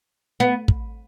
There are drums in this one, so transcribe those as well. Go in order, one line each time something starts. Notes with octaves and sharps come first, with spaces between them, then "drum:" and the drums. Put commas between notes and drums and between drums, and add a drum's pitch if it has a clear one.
B3
drum: kick